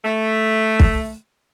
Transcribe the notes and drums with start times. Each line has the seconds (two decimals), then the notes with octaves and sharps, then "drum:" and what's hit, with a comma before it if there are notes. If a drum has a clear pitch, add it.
0.04 A3
0.80 drum: kick